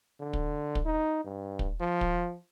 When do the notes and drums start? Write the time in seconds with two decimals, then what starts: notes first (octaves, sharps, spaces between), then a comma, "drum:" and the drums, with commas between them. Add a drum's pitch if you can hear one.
0.20 D3
0.33 drum: kick
0.75 drum: kick
0.86 D#4
1.24 G2
1.59 drum: kick
1.80 F3
2.01 drum: kick